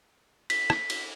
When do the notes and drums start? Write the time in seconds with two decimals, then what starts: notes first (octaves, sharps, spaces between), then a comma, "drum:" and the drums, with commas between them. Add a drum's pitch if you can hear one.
0.50 B6, drum: cymbal
0.70 drum: rim click
0.90 drum: cymbal